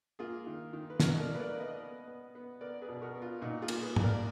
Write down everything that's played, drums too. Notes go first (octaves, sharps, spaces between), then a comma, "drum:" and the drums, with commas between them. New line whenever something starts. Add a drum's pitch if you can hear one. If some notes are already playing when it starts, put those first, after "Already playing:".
A#3 F4 G#4
D#3
D#3
B4
B2 F#4 A#4, drum: snare
D#5
A#4 D5
A#3
B4
A#4 D5
A#3
B4 D#5
B3
B3
B3
B3 A#4 D5
G#4 B4
B2
F#4 A#4
B3
F4
A#2 D#4 F#4
F4 G#4
A#3, drum: cymbal
G#4 B4
A#2, drum: tom
A#4 D5